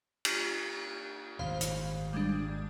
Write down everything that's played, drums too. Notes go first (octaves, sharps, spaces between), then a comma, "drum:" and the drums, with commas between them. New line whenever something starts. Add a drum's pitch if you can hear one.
drum: cymbal
G#1 D2 A#2 C5 F5 B5
drum: hi-hat
G3 G#3 D4